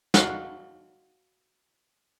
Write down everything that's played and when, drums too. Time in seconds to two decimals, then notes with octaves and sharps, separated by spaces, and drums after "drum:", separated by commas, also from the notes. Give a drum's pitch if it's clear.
0.14 F#4 F5 F#5, drum: snare